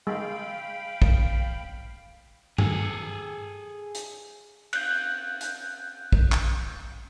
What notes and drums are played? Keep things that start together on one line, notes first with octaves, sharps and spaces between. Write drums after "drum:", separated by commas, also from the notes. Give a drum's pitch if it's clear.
G#3 F5 G5 B5
drum: kick
G#4 A4, drum: tom G2
drum: hi-hat
F#6 G6, drum: cymbal
drum: hi-hat
drum: kick
drum: clap